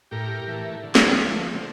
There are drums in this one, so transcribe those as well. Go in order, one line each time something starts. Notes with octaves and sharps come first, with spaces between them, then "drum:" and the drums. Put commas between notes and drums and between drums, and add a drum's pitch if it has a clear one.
A2 G4 A#4
E3 A3
D3
drum: snare
F3 A3
D3 C4